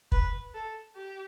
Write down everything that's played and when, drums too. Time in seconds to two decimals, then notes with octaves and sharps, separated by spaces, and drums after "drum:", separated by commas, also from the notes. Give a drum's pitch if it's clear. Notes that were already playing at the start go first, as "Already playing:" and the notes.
0.12 B4, drum: kick
0.54 A4
0.96 G4